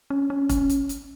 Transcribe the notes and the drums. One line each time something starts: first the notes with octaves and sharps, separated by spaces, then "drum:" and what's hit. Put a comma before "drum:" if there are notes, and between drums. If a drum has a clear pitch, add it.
C#4
C#4
C#4, drum: kick, hi-hat
drum: hi-hat
drum: hi-hat